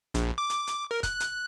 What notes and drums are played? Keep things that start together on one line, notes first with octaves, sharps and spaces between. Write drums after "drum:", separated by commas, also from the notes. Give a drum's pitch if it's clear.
A#1, drum: hi-hat
D6
drum: hi-hat
drum: hi-hat
A#4
F#6, drum: kick, hi-hat
drum: hi-hat